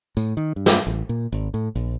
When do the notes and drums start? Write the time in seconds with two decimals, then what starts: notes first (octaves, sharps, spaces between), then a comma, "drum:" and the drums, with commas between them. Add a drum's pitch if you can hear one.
0.17 A2, drum: tambourine
0.37 D#3
0.56 G2
0.66 drum: snare
0.87 A1
1.09 A#2
1.32 G#1
1.54 A2
1.75 A#1